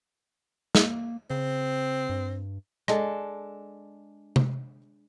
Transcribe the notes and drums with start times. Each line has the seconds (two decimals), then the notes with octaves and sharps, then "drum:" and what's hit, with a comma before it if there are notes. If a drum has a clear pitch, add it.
0.75 A#3, drum: snare
1.30 C#3 C4
2.10 G2
2.88 G#3 D4 A4, drum: rim click
4.36 drum: tom C3